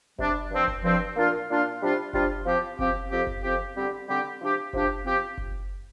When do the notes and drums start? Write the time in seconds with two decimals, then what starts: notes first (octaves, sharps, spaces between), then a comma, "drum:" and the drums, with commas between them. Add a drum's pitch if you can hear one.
0.19 C3 G3 D4, drum: kick F#1
0.51 G2 F3 C4
0.68 drum: kick F#1
0.84 G2 F3 C4
1.16 A#2 A#3 D4 F4
1.49 A#2 A#3 D4 F4
1.82 C3 G3 D4 F4
2.13 C3 G3 D4 F4, drum: kick F#1
2.45 F3 C4 G4
2.79 F3 C4 G4, drum: kick F#1
3.11 F2 F3 C4 G4
3.27 drum: kick F#1
3.42 F2 F3 C4 G4
3.75 D3 G3 C4 G4
4.08 D3 G3 C4 G4
4.40 C3 F3 D4 G4
4.73 C3 F3 D4 G4, drum: kick F#1
5.05 F3 C4 G4
5.38 drum: kick F#1